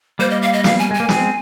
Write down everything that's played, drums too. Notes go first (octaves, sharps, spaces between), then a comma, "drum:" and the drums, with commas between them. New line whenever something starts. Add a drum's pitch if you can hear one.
G3 A#3 C5
D#5
F5
D#5
F5, drum: snare
G#5
G#3 G#5
A#3
G#3 C4, drum: snare